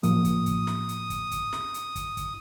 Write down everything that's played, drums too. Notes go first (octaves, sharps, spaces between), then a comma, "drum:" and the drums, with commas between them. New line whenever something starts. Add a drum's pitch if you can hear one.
A2 F3 A#3 D#6, drum: hi-hat
drum: kick, hi-hat
drum: kick, hi-hat
drum: snare
drum: hi-hat
drum: kick, hi-hat
drum: kick, hi-hat
drum: snare
drum: hi-hat
drum: kick, hi-hat
drum: kick, hi-hat